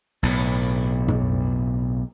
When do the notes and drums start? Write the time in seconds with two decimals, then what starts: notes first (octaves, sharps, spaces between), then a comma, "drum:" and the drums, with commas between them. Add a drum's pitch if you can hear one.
0.23 B1 A2, drum: open hi-hat
1.08 drum: tom